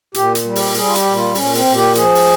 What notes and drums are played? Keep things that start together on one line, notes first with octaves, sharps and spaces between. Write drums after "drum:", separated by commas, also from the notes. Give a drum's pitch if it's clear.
A#2 G4, drum: hi-hat
drum: hi-hat
G3
G4, drum: open hi-hat
G3 G#4, drum: open hi-hat
F4
G4, drum: hi-hat
A#2
F4
A#2 C#4, drum: open hi-hat
C4, drum: open hi-hat
A#2
G4
F3 G#4, drum: hi-hat
drum: open hi-hat